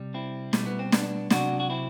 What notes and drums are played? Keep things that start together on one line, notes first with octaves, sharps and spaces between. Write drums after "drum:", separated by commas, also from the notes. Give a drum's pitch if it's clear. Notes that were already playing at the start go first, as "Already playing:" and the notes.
Already playing: C3 G3
C4 E4
B2 G3 A3, drum: snare
B3
C4
B3 D4, drum: snare
C3 F#3 D4 F#4, drum: snare
F#4
C4 E4